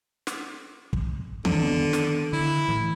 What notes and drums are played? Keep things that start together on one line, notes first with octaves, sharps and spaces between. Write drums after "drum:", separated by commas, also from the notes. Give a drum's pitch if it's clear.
drum: snare
drum: kick
F2 D3 C4, drum: tom D#3
D#3 B3
drum: snare
D3 E4
A2 E3